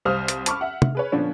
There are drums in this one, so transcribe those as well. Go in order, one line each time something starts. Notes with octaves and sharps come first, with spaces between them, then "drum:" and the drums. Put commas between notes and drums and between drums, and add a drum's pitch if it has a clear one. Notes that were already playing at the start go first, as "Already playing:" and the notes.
C2 C3 C5 F5 D#6 F6
drum: hi-hat
A5 B5 C#6 D6 F6, drum: hi-hat
E5 F#5
drum: tom C3
G#4 B4 C#5
A#2 D3 F3 B3 C#4 D4